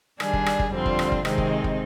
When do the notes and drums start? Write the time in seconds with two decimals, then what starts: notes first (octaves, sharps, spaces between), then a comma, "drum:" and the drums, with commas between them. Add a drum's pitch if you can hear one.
0.20 D#3 G3 D4 G#4, drum: rim click
0.33 drum: kick
0.46 drum: rim click
0.59 drum: kick
0.72 F2 D3 G3 C4 F4
0.86 drum: kick
0.99 drum: rim click
1.12 drum: kick
1.25 C3 D#3 G#3 C4 D#4, drum: rim click
1.38 drum: kick
1.64 drum: kick